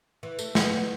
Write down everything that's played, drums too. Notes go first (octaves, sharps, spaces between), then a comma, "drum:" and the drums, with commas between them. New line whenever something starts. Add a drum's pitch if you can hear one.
E3
A3, drum: tambourine
B3, drum: snare
B3